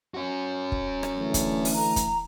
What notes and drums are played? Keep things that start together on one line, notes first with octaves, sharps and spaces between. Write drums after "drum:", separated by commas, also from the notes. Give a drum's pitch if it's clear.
C#4 F#4
drum: kick
drum: rim click
D3 E3 A3
drum: kick, hi-hat
drum: open hi-hat
A#5
drum: kick, hi-hat